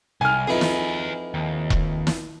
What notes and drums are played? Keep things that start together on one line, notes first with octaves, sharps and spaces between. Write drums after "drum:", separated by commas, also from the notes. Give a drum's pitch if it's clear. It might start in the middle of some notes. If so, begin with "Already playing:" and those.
C2 G#5 F6
F2 E3 D#4 G#4 B4
drum: snare
D#2
drum: kick E1
drum: snare